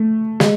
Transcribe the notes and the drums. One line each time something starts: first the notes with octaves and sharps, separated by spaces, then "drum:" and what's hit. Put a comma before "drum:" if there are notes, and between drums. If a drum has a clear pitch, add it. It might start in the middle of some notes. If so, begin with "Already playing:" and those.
Already playing: A3
G#3, drum: snare